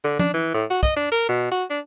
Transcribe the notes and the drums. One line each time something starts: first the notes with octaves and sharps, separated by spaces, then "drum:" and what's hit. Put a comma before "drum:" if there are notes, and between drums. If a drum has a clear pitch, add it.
D3
D4, drum: tom F3
E3
A2
F#4
D#5, drum: kick
D4
A#4
B2
F#4
D4